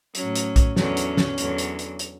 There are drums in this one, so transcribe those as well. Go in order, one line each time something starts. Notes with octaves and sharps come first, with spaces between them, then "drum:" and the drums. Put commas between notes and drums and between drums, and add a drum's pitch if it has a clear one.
A2 F#3 C#4, drum: hi-hat
drum: hi-hat
drum: kick, hi-hat
E2 D3 F#3 C#4, drum: snare
drum: hi-hat
drum: snare
E2 D3 F#3, drum: hi-hat
drum: hi-hat
drum: hi-hat
drum: hi-hat